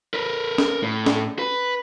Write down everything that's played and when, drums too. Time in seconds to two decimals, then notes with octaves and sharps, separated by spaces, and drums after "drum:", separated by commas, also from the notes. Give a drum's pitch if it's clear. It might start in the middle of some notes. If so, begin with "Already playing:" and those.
0.14 A#4 B4
0.58 drum: snare
0.82 A2
1.06 drum: snare
1.39 B4